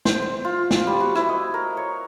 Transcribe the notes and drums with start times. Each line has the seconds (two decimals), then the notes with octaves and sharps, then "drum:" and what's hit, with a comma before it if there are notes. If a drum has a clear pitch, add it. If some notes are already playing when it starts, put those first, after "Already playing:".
0.05 C5, drum: snare
0.22 C5
0.45 F4
0.71 drum: snare
0.87 G3
1.00 F#4
1.15 E4, drum: rim click
1.29 D#5
1.54 A#4
1.77 C#5